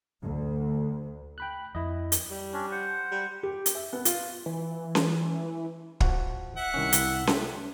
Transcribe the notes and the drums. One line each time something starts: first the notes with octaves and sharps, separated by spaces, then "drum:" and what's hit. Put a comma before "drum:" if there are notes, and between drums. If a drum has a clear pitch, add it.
D2
G5 B5 F#6
F2 E4 D#5
drum: hi-hat
G3
C#4 D4
C5 F#5
G3
G4
drum: hi-hat
E5
B3
F4, drum: hi-hat
E3
drum: snare C#4
F3 F#4, drum: kick
E5 F#5
C2 D#3 C#4
C2, drum: hi-hat
A3 G4, drum: snare C#4